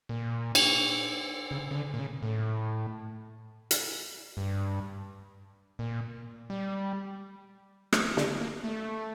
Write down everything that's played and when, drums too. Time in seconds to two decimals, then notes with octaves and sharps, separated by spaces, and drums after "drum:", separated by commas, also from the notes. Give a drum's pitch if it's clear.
0.09 A#2
0.55 drum: cymbal
1.51 C#3
1.71 C#3
1.75 D3
1.94 A#2
1.99 C#3
2.22 A2
3.71 drum: hi-hat
4.37 G2
5.79 A#2
6.50 G3
7.93 A3, drum: rim click
8.17 D3, drum: snare
8.41 A#3
8.64 A3